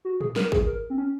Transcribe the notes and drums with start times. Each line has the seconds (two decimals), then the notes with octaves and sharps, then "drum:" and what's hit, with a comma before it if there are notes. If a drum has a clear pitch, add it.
0.05 F#4
0.21 G#4, drum: tom
0.36 A#4, drum: snare
0.52 G#4, drum: kick
0.67 A#4
0.90 C4
0.98 C#4